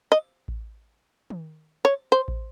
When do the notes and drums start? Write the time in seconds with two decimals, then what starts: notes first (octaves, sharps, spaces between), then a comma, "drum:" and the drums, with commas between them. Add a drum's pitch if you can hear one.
0.12 D#5
0.48 drum: kick A1
1.30 drum: tom D#3
1.85 C#5
2.12 C5
2.28 drum: kick A1